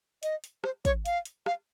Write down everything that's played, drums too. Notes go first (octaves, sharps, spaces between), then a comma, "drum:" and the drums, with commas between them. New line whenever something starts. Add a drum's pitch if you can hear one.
D#5, drum: hi-hat
drum: hi-hat
C5, drum: rim click
C#5, drum: kick, hi-hat
F5, drum: hi-hat
drum: hi-hat
F5, drum: rim click